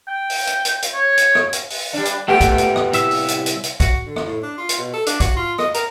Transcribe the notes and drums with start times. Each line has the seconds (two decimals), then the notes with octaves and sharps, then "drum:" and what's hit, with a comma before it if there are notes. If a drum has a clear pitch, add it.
0.08 G5
0.30 drum: open hi-hat
0.47 drum: hi-hat
0.65 drum: hi-hat
0.82 drum: hi-hat
0.94 C#5
1.18 drum: hi-hat
1.35 drum: rim click
1.53 drum: hi-hat
1.70 drum: open hi-hat
1.93 G3 D4
2.05 drum: hi-hat
2.28 A2 A3 B3 G4 G5
2.41 drum: kick B1, hi-hat
2.58 drum: hi-hat
2.76 drum: rim click
2.93 C2 E5, drum: hi-hat
3.11 drum: open hi-hat
3.28 drum: hi-hat
3.46 drum: hi-hat
3.64 drum: hi-hat
3.80 F#4, drum: kick B1, hi-hat
4.06 D3
4.16 drum: rim click
4.26 A2
4.43 D4
4.58 F4
4.69 drum: hi-hat
4.78 B2
4.94 A4
5.06 D4, drum: hi-hat
5.20 F#4, drum: kick B1, hi-hat
5.36 F4
5.59 D#5, drum: rim click
5.74 A#4, drum: hi-hat